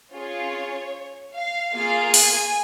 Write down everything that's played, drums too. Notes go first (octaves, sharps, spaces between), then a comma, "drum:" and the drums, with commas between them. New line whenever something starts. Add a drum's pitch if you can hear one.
C#4 F4 G#4 C#5
F5
A#3 F4 G#4 F5
G#5, drum: open hi-hat